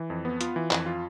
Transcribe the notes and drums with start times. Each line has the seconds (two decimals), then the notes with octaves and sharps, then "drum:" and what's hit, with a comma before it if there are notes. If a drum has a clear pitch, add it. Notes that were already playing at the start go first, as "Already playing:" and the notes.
Already playing: E3
0.10 F2
0.25 B3
0.41 F4, drum: hi-hat
0.56 E3
0.71 F2, drum: clap
0.86 F4